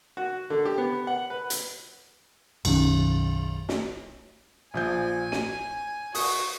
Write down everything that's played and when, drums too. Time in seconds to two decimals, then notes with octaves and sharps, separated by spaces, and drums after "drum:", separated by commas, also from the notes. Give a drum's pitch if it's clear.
0.17 F#4
0.50 D3
0.65 G4
0.78 B3
1.07 F#5
1.30 B4
1.50 drum: hi-hat
2.65 B1 F#2 D#3 C#4, drum: cymbal
3.69 drum: snare
4.74 A#1 F3 G#5 G6
5.32 D#7, drum: snare
6.15 F#4 D#6, drum: open hi-hat